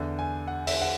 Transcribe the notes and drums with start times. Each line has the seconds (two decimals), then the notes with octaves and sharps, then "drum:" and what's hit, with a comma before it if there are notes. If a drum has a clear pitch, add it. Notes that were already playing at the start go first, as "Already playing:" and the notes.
Already playing: E2 D3
0.19 G#5
0.48 F#5
0.67 E5, drum: open hi-hat
0.82 F#5